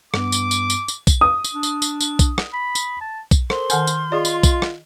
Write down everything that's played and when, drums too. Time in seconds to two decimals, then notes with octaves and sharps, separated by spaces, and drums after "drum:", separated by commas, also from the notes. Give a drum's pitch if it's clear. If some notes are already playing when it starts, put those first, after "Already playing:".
0.14 G2 B3 D6, drum: rim click
0.32 drum: tambourine
0.51 drum: tambourine
0.70 drum: tambourine
0.88 drum: tambourine
1.07 drum: kick B1, tambourine
1.21 D#6
1.44 drum: tambourine
1.54 D4
1.63 drum: tambourine
1.82 drum: tambourine
2.01 drum: tambourine
2.19 drum: kick B1, tambourine
2.38 drum: rim click
2.53 B5
2.75 drum: tambourine
3.01 A5
3.31 drum: kick B1, tambourine
3.50 A4 A#4 C5 C6, drum: rim click
3.70 D#3 F#5 G#5 F6 G6, drum: tambourine
3.87 drum: tambourine
4.12 F4 G#4 D5 D#5
4.25 drum: tambourine
4.43 drum: kick B1, tambourine
4.62 drum: rim click